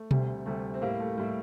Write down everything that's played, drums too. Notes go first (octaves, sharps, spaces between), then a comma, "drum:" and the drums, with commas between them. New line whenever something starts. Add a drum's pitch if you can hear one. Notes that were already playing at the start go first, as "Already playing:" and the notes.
Already playing: A3
D2 C3 G3, drum: tom B2
D2 C3 G3 A3
C4
A2 G3 A#3
A3
A2 G3